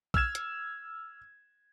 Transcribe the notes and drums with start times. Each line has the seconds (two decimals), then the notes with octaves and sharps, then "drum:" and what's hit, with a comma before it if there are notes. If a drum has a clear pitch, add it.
0.14 E6 F6 G#6 E7, drum: kick B1
0.35 drum: hi-hat